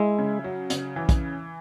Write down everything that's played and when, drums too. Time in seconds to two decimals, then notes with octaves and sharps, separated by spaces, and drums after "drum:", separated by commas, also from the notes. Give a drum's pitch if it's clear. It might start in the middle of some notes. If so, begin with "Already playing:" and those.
Already playing: G#3 E4
0.18 C#3
0.44 F#3
0.70 C#3, drum: hi-hat
0.96 E3
1.09 drum: kick, hi-hat